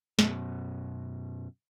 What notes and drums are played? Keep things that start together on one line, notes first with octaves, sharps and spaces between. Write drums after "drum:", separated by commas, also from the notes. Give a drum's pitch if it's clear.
F#2 B2, drum: snare